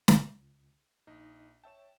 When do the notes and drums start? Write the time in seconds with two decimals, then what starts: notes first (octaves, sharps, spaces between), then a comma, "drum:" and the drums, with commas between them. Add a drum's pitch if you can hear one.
0.08 C#2, drum: snare
1.07 A#1 D#4 D#5
1.64 C#5 E5 G5 A5 E7